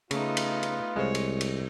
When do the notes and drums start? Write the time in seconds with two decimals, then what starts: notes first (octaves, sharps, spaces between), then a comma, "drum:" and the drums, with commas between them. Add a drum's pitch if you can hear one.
0.11 C#3 A3 B3 D#4 F4, drum: cymbal
0.37 drum: cymbal
0.63 drum: cymbal
0.96 C2 G#3 C5 C#5
1.15 drum: cymbal
1.41 drum: cymbal